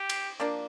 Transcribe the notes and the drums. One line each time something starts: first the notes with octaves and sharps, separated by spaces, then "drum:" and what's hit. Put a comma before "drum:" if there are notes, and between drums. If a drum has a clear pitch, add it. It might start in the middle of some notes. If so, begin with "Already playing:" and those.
Already playing: G4
drum: cymbal
F3 A#3 D4